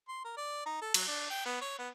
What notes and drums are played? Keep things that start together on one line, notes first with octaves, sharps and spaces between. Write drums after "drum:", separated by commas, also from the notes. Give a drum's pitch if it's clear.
C6
A#4
D5
D#4
A4
F#3, drum: cymbal
D4
G5
B3
C#5
B3